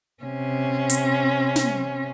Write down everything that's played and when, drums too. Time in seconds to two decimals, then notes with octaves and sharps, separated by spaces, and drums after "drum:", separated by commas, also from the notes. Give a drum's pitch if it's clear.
0.23 C3 C#4
0.90 drum: hi-hat
1.56 drum: snare